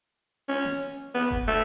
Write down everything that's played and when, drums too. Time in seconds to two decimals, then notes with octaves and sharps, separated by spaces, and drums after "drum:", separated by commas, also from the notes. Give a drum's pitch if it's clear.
0.49 C#4
0.65 drum: snare
1.15 B3
1.31 drum: kick F1
1.48 A3